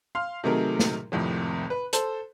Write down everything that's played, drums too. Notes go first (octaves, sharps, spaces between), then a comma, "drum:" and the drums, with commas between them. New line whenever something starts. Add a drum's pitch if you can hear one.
F5 C6 F6
C3 D#3 F#3 A3 G#4 A#4
drum: snare
G#1 F2 A2 C3
B4
A4 C5, drum: hi-hat